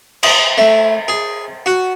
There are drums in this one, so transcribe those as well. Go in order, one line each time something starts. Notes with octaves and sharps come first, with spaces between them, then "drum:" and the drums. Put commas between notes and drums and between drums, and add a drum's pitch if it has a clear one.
D#5, drum: cymbal
A3
G#4
F#4